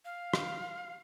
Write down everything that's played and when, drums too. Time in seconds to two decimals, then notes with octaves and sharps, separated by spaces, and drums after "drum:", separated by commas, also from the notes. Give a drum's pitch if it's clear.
0.05 F5
0.34 drum: rim click